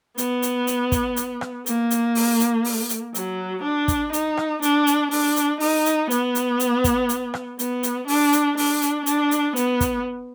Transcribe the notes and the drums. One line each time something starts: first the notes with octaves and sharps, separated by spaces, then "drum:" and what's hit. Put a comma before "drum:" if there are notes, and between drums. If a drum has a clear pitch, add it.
B3, drum: hi-hat
drum: hi-hat
drum: hi-hat
drum: kick, hi-hat
drum: hi-hat
drum: rim click
A#3, drum: hi-hat
drum: hi-hat
drum: open hi-hat
drum: hi-hat
drum: open hi-hat
drum: hi-hat
F#3, drum: hi-hat
D4
drum: kick, hi-hat
D#4, drum: hi-hat
drum: rim click
D4, drum: hi-hat
drum: hi-hat
D4, drum: open hi-hat
drum: hi-hat
D#4, drum: open hi-hat
drum: hi-hat
B3, drum: hi-hat
drum: hi-hat
drum: hi-hat
drum: kick, hi-hat
drum: hi-hat
drum: rim click
B3, drum: hi-hat
drum: hi-hat
D4, drum: open hi-hat
drum: hi-hat
D4, drum: open hi-hat
drum: hi-hat
D4, drum: hi-hat
drum: hi-hat
B3, drum: hi-hat
drum: kick, hi-hat